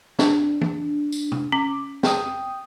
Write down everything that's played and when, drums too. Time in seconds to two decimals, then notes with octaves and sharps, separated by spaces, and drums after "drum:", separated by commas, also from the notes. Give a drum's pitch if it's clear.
0.19 D4, drum: snare
0.61 drum: tom E3
1.12 drum: tambourine
1.32 drum: tom C3
1.52 C#4 D6
2.03 G5 D#6, drum: snare